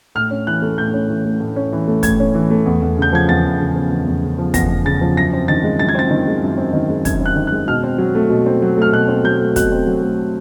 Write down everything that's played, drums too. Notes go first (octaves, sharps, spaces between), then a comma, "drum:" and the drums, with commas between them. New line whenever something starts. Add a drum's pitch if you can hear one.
A2 F6
C#4
E3 F#6
A3
A2 G6
C#4
E3
A3
A2
C#4
E3
A3
A2 G#6, drum: kick, hi-hat
C#4
E3
A3
E2
E2
C#3
G6
F3 G#6
E2 A6
E2
C#3
F3
E2
E2
C#3
F3
E2 A#6, drum: kick, hi-hat
E2
C#3 A6
F3
F#2 A#6
C4
D#3 A6
G#3
F#2 A6
G#6
C4 A6
D#3
G#3
F#2
C4
D#3
G#3
F#2 G#6, drum: kick, hi-hat
C4 F#6
D#3
F#6
G#3
B2 F6
C4
F#3
A3
B2
C4
F#3
A3 F6
B2 F#6
C4
F#3 G6
A3
B2 F#6, drum: kick, hi-hat
C4
F#3
A3